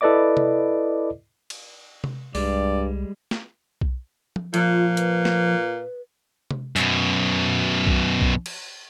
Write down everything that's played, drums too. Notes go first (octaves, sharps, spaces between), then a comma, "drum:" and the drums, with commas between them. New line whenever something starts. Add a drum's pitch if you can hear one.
E4 A4 B4 D5 D#5 D6
drum: tom C3
drum: cymbal
drum: tom C3
C2 G2 G3 G#3 D5, drum: open hi-hat
drum: snare
drum: kick B1
drum: tom F3
A#2 F3 F4, drum: hi-hat
B4, drum: hi-hat
drum: snare
drum: tom C3
F#2 B2, drum: tambourine
drum: kick B1
drum: kick B1
drum: cymbal